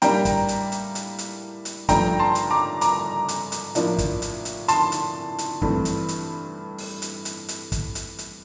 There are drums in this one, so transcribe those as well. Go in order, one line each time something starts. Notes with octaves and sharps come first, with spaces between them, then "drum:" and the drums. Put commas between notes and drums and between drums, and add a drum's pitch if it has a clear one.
A2 G3 A#3 D4 G5 A#5, drum: hi-hat
drum: kick, hi-hat
drum: hi-hat
drum: hi-hat
drum: hi-hat
drum: hi-hat
drum: hi-hat
G2 F3 A3 D4 G5 A#5, drum: kick, hi-hat
A5 C6
drum: hi-hat
A#5 D6
A#5 D6, drum: hi-hat
drum: hi-hat
drum: hi-hat
A2 F3 A#3 D4, drum: hi-hat
drum: kick, hi-hat
drum: hi-hat
drum: hi-hat
A5 C6, drum: hi-hat
drum: hi-hat
drum: hi-hat
G2 E3 A3 C4, drum: kick
drum: hi-hat
drum: hi-hat
drum: open hi-hat
drum: hi-hat
drum: hi-hat
drum: hi-hat
drum: kick, hi-hat
drum: hi-hat
drum: hi-hat